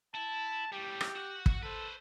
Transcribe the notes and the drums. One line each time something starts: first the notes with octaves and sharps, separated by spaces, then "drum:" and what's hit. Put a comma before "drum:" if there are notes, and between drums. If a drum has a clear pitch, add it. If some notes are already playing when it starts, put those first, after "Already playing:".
E4 A5
A2 G3 G4
drum: rim click
F#4 F#5
drum: kick
A4 B4 C5